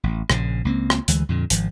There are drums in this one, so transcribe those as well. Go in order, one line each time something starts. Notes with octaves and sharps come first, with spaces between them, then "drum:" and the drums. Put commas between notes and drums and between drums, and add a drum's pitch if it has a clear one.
A1
A#1 C#3, drum: rim click
C#2 A#3 C4
drum: rim click
D2 E3 G#3, drum: hi-hat
F2 A#2 D3
G#1 F3, drum: hi-hat